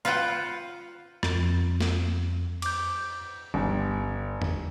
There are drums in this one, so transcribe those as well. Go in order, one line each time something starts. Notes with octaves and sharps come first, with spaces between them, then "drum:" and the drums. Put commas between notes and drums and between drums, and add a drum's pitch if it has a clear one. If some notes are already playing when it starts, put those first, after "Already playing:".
F4 B4 C5 F#5 G5
F2, drum: rim click
drum: snare
D6 G6, drum: cymbal
G1
drum: tom E2